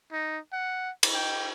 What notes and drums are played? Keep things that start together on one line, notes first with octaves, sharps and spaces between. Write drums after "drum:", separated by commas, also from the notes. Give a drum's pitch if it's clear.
D#4
F#5
drum: cymbal
G5